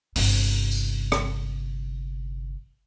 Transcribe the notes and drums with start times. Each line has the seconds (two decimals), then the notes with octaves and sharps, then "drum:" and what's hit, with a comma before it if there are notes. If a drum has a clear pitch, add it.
0.16 G1 C3, drum: open hi-hat
0.71 drum: tambourine
1.12 drum: rim click